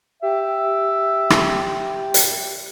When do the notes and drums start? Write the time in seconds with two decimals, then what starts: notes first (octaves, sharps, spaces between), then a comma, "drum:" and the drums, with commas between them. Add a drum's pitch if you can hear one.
0.22 G4 E5
1.30 drum: rim click
2.14 drum: hi-hat